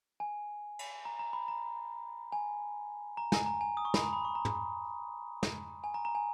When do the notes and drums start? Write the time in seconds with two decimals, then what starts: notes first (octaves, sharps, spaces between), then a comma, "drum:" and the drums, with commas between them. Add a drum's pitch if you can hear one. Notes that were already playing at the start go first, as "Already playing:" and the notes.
0.20 G#5
0.79 drum: cymbal
1.05 A#5
1.19 A#5
1.33 B5
1.48 A#5
2.32 G#5
3.17 A#5
3.32 G#5, drum: snare
3.46 A#5
3.61 G#5
3.77 D#6
3.85 C#6
3.94 B5, drum: snare
4.02 A#5
4.13 B5
4.25 C#6
4.35 A#5
4.45 B5, drum: tom
5.43 drum: snare
5.84 G#5
5.94 A#5
6.05 A#5
6.15 G#5